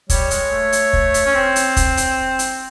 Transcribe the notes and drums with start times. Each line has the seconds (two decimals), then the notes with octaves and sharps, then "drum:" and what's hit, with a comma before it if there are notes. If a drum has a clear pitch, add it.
0.10 G3 C#5, drum: kick, hi-hat
0.31 G#3, drum: hi-hat
0.51 A3
0.73 drum: hi-hat
0.93 drum: kick
1.14 drum: hi-hat
1.25 C#4
1.35 C4
1.56 drum: hi-hat
1.77 drum: kick, hi-hat
1.97 drum: hi-hat
2.39 drum: hi-hat